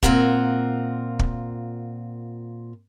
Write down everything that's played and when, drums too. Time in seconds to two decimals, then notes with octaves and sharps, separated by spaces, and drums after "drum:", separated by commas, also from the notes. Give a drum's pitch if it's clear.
0.03 A#2 C4 F4 A#4 F#5, drum: kick
1.19 drum: kick